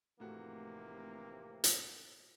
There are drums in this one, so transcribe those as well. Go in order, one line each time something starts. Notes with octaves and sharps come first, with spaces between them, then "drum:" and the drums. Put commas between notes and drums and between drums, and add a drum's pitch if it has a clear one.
F1 A2 C3 E3 A#3 F#4
drum: hi-hat